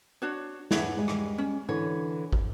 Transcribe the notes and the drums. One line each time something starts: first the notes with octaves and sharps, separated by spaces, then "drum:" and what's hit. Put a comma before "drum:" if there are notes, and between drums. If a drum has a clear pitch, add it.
D4 F#4 C#5
B3 D4 G#4 C#5 E5, drum: snare
G3 G#3
drum: rim click
C#4
D3 E3 C#5
drum: kick